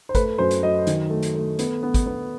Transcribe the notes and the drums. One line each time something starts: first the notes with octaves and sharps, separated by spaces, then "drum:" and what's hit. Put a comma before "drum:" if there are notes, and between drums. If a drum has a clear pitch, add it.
C5
A3 B4, drum: kick, hi-hat
F#2 C5
drum: hi-hat
F#3 D#5
D#3, drum: hi-hat
A3
drum: hi-hat
A3
B3, drum: hi-hat
B3
drum: kick, hi-hat
B3